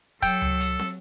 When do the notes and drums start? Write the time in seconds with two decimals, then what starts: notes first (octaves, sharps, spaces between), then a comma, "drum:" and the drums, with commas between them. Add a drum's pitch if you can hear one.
0.22 F#3 A4 G5, drum: kick, hi-hat
0.41 drum: tom C#2
0.60 drum: hi-hat
0.79 drum: snare